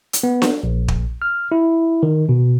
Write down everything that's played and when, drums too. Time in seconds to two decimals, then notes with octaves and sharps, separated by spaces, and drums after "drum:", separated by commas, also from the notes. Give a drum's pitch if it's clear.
0.13 drum: hi-hat
0.23 B3
0.42 drum: snare D4
0.63 A#1
0.88 drum: kick
1.22 F6
1.52 E4
2.03 D#3
2.29 B2